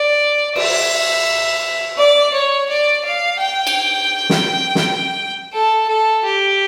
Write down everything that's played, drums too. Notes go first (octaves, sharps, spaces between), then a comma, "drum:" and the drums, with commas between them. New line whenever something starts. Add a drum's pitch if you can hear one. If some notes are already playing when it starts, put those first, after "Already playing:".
Already playing: D5
E5, drum: cymbal
D5
C#5
D5
F5
G5
drum: cymbal
drum: snare
drum: snare
A4
A4
G4